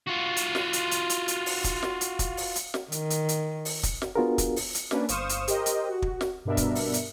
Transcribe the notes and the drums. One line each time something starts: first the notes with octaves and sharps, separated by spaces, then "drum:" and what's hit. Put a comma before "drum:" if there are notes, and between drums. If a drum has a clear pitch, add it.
F4 F#4
drum: hi-hat
drum: snare
drum: hi-hat
drum: hi-hat
drum: hi-hat
drum: hi-hat
drum: open hi-hat
drum: kick, hi-hat
drum: snare
drum: hi-hat
drum: kick, hi-hat
drum: open hi-hat
drum: hi-hat
drum: snare
D#3, drum: hi-hat
drum: hi-hat
drum: hi-hat
drum: open hi-hat
drum: kick, hi-hat
drum: snare
B3 D4 F4 F#4 G#4 A#4
drum: kick, hi-hat
drum: open hi-hat
drum: hi-hat
A#3 C#4 D4 B4, drum: snare
G1 C5 F5 C#6 D#6 E7, drum: hi-hat
drum: hi-hat
G4 A#4 C5 D#5, drum: hi-hat
drum: hi-hat
F#4
drum: kick
drum: snare
G2 B2 B3 D4 A#4 E5
drum: kick, hi-hat
drum: open hi-hat
drum: hi-hat